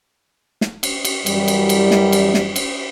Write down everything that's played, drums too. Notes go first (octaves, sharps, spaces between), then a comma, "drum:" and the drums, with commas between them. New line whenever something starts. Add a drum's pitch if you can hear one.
drum: snare
drum: cymbal
drum: cymbal
F#2 E3 G3, drum: cymbal
drum: cymbal
drum: cymbal
drum: snare
drum: cymbal
drum: snare
drum: cymbal